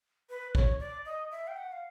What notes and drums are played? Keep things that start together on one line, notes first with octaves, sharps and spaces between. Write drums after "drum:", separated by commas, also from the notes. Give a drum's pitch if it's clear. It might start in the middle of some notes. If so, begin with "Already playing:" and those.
B4
C#5, drum: kick
D5
D#5
E5
G5
F#5
F5